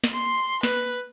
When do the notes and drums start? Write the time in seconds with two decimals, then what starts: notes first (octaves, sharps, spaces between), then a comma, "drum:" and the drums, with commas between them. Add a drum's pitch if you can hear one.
0.04 drum: snare
0.14 C6
0.63 B4, drum: snare